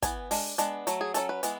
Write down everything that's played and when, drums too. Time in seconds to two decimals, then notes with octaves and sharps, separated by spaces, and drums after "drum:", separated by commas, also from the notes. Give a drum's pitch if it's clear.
0.02 E3 B3 D4 G#5, drum: kick, hi-hat
0.31 G#3 D4, drum: open hi-hat
0.58 G#3 B3 D4, drum: hi-hat
0.87 F#3 A3, drum: hi-hat
1.01 G#4
1.14 F#3 A3 C#4 A4, drum: hi-hat
1.29 B4
1.43 E3 G#3 B3, drum: hi-hat